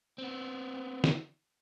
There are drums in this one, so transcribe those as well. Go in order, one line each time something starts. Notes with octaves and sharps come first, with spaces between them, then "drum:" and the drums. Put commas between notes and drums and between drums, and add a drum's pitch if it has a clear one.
B3 C4
drum: snare